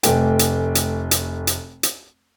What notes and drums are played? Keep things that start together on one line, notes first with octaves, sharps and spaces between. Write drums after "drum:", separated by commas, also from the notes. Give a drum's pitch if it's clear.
F1 A3 G5, drum: hi-hat
drum: hi-hat
drum: hi-hat
drum: hi-hat
drum: hi-hat
drum: hi-hat